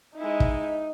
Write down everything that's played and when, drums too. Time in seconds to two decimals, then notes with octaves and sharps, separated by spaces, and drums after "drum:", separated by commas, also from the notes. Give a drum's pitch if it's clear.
0.18 G#3 D#4 E4
0.40 drum: kick